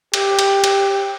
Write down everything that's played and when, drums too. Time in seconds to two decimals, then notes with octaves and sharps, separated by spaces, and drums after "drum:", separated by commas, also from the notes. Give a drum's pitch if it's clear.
0.14 G4, drum: cymbal
0.39 drum: cymbal
0.64 drum: cymbal